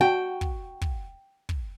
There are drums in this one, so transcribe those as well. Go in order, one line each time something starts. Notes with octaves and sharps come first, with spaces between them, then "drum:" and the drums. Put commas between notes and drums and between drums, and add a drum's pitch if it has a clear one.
F#4 G5
drum: kick
drum: kick
drum: kick